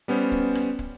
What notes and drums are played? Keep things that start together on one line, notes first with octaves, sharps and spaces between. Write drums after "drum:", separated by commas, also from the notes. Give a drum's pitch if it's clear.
G3 B3 C#4 C5
drum: kick
drum: rim click
drum: kick